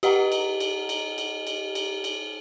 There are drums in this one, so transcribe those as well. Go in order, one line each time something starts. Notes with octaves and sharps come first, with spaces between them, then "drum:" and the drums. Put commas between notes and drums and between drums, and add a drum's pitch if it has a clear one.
G4 D#5 F#5 A#5, drum: cymbal
drum: cymbal
drum: cymbal
drum: cymbal
drum: cymbal
drum: cymbal
drum: cymbal
drum: cymbal